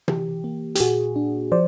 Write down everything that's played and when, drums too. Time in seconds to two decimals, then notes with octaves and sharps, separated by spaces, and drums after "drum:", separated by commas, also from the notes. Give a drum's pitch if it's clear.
0.08 E3 G4, drum: tom
0.44 A#3
0.75 G4, drum: hi-hat
0.80 A#2 F#4 G#4
1.16 D4
1.52 F3 C5 D5